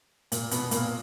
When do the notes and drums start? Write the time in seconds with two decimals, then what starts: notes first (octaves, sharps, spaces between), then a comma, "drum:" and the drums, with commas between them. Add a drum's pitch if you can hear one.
0.32 A#2 A#3, drum: hi-hat
0.51 B2 B3, drum: hi-hat
0.71 A#2 A#3, drum: hi-hat